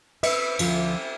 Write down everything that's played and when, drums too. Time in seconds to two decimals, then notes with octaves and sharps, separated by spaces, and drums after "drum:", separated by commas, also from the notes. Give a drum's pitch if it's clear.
0.23 B4 E5, drum: cymbal
0.59 D2 F3 F4, drum: cymbal